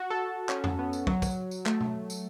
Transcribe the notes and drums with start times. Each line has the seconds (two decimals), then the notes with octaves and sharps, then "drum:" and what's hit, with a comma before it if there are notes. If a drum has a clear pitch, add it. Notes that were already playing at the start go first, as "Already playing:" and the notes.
Already playing: F#4
0.10 A4
0.49 C#4, drum: clap
0.64 drum: tom F2
0.79 B3
0.93 drum: tambourine
1.07 F#3, drum: kick
1.22 drum: kick, tambourine
1.51 drum: tambourine
1.66 A3, drum: clap
1.81 drum: tom
2.10 drum: tambourine